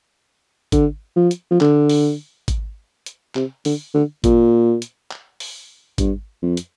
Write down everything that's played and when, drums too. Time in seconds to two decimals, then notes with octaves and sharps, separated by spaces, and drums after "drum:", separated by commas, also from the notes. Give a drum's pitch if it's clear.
0.72 D3, drum: kick G#1, hi-hat
1.16 F3
1.31 drum: hi-hat
1.51 F3
1.61 D3, drum: clap
1.89 drum: open hi-hat
2.48 drum: kick G#1, hi-hat
3.06 drum: hi-hat
3.35 C3, drum: clap
3.65 D3, drum: open hi-hat
3.94 D3
4.24 A#2, drum: kick G#1, hi-hat
4.82 drum: hi-hat
5.11 drum: clap
5.40 drum: open hi-hat
5.98 G2, drum: kick G#1, hi-hat
6.42 F2
6.57 drum: hi-hat